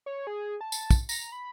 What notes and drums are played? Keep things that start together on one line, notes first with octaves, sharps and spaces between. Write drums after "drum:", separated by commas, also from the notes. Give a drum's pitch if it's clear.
C#5
G#4
A5
drum: tambourine
drum: kick, tambourine
A#5, drum: tambourine
B5